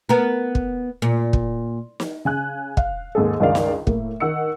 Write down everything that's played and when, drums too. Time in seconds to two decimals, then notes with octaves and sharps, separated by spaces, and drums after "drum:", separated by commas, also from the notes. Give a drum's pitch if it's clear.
0.09 B3 A#4
0.55 drum: kick
1.02 A#2
1.33 drum: kick
2.00 drum: snare
2.25 C#3 G#5 F#6
2.77 F5, drum: kick
3.15 D#2 G#2 G#4 A4
3.40 C#2 G2 D#3 G#3 D5 F5
3.55 drum: snare
3.87 A2 A#3, drum: kick
4.20 D#3 F#5 E6 C#7